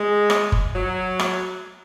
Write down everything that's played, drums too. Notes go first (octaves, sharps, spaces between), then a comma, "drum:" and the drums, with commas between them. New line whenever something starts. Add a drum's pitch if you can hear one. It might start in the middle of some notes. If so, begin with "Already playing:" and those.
Already playing: G#3
drum: rim click
drum: kick
F#3
drum: rim click